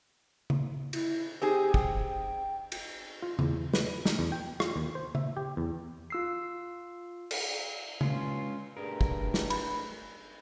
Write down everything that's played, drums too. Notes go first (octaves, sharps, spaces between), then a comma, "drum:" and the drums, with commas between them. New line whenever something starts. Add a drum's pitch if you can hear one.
drum: tom C#3
E4, drum: cymbal
C4 D#4 G4 G#4
G5, drum: kick
drum: cymbal
F4
E2, drum: tom C#3
B4, drum: snare
D#4, drum: snare
E2
G5
F4, drum: rim click
D#2
C5
E5, drum: tom C#3
G4
E2
F4 E6 C7
drum: cymbal
G2 G#3 C#4 F4, drum: tom C#3
G2 A3 D4 G#4 A#4
drum: kick
drum: snare
B5, drum: cymbal